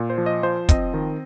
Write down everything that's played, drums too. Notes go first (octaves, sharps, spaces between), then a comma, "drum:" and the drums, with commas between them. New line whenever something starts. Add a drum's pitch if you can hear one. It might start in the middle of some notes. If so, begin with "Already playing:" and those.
Already playing: A#2
C5
F3
D#5
F3 C5
C4 D#5, drum: kick, hi-hat
D#3